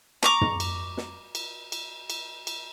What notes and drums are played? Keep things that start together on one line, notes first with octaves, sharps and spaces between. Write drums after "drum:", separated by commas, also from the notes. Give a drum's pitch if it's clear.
A#5 C#6 D6, drum: snare
drum: tom
drum: cymbal
drum: snare
drum: cymbal
drum: cymbal
drum: cymbal
drum: cymbal